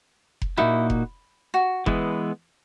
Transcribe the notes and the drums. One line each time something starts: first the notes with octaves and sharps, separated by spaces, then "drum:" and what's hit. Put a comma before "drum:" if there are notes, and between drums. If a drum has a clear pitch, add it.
drum: kick F1
A#2 A#3 D#4 E4 F#4
drum: kick F1
F#4
E3 G#3 B3 E4, drum: kick F1